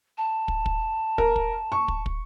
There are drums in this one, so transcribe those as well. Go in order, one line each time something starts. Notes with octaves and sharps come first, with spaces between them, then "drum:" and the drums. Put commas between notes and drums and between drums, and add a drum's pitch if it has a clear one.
A5
drum: kick
drum: kick
A#4, drum: kick
drum: kick
C#6
drum: kick
drum: kick